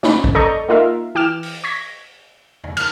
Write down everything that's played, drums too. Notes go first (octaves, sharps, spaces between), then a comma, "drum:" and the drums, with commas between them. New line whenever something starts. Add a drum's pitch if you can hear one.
C#4 D#4 B5, drum: snare
drum: kick A1
A4 D5 D#5 A#5 C#6 G6
A#3 D#4 F4 A#4 E5 F5
E3 G5 D6 F6 E7
drum: open hi-hat
C#6 G#6 A#6 B6
drum: tom E2
F6, drum: cymbal